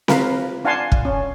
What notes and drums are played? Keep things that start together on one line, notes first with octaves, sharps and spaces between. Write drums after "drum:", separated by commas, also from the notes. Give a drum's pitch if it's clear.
F4 A#4 B4 F5 B5, drum: snare C4
D4 F5 F#5 G#5 A5 C6
drum: kick
C#4